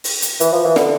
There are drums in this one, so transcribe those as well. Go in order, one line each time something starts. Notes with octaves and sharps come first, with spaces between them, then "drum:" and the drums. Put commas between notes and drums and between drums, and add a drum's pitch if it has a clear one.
drum: open hi-hat
drum: hi-hat
E3, drum: hi-hat
F3
E3
D3, drum: snare